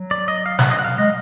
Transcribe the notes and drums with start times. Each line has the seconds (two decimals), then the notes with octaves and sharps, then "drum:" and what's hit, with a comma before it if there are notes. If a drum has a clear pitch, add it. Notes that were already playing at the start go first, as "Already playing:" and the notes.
Already playing: F#3
0.11 D5
0.28 D#5
0.46 F5
0.59 F#5, drum: snare
0.71 D#5
0.79 F#5
0.84 F5
0.98 G#3 D#5